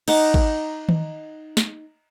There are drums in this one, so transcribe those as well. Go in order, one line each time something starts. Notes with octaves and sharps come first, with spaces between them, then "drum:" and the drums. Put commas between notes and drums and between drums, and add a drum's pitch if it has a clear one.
D#4 F#5 D6, drum: cymbal
drum: kick
drum: tom D#3
drum: snare